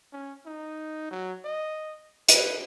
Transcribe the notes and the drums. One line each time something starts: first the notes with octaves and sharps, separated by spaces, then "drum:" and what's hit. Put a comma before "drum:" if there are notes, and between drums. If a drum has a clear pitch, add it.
C#4
D#4
F#3
D#5
B4, drum: hi-hat